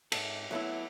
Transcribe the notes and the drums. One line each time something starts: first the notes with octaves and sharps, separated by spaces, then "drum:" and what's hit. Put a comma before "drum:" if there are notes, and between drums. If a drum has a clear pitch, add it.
G#2 A4, drum: cymbal
F#3 A3 B3 E4